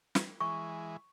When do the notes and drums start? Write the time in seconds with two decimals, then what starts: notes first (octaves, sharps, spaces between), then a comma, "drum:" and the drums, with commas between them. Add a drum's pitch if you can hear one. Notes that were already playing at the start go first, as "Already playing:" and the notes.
0.15 drum: snare
0.41 E3 G#3 C#6